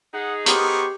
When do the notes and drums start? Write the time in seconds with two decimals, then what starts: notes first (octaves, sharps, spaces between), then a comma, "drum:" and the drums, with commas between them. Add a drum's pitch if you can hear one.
0.14 D#4 G#4 F#5
0.46 B3 G4 A#4 C5 C#6, drum: hi-hat